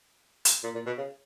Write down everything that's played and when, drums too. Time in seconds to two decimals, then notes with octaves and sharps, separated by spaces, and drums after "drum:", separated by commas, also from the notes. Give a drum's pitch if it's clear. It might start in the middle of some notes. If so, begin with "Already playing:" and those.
0.45 drum: hi-hat
0.63 A#2
0.75 A#2
0.86 B2
0.98 C#3